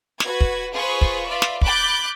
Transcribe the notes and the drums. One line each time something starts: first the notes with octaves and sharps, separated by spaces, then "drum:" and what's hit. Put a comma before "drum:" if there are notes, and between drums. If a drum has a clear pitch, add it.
F#4 B4 G#6, drum: snare
drum: kick
F4 G#4 B4 C5 C#6
drum: kick
F4 B4 D5 E5
drum: snare
B5 D6 F#6 G6 A6, drum: kick